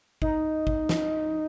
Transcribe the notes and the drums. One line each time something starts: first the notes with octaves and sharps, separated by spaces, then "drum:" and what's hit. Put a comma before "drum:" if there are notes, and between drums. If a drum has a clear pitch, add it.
D#4, drum: kick
drum: kick
drum: snare